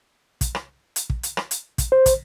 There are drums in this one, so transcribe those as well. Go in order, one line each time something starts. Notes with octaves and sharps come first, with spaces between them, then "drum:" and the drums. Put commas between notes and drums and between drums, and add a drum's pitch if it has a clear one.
drum: kick, hi-hat
drum: rim click
drum: hi-hat
drum: kick
drum: hi-hat
drum: rim click
drum: hi-hat
drum: kick, hi-hat
C5
drum: kick, hi-hat